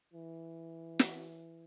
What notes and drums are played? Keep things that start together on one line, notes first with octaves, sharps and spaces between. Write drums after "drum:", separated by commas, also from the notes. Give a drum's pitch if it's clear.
E3
drum: snare